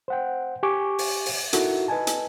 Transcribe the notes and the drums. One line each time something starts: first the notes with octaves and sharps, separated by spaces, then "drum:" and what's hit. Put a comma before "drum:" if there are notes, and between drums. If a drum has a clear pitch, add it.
C5 F#5 G5
G4 G#5 C#6 D6
drum: open hi-hat
drum: open hi-hat
D#4 E4 F#4 A4 A#4, drum: hi-hat
B4 D#5 G#5 A5
drum: hi-hat